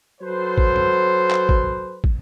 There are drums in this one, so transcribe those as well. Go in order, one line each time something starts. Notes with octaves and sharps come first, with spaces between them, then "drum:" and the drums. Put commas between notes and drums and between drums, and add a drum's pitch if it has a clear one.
F#3 A4 B4 C5
drum: kick
drum: tom
drum: clap
drum: kick
drum: kick